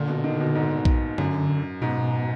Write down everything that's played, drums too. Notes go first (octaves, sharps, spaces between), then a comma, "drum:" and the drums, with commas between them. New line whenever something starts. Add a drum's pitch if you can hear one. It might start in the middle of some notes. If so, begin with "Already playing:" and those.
Already playing: A#2 D3
B2
D#3
B2
G#2
drum: kick A#1
F#2 D3, drum: tom G2
G#2 B2